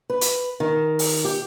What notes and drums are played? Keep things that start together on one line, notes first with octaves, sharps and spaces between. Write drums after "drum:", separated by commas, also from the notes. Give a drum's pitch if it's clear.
B4
drum: hi-hat
D#3
drum: open hi-hat
G4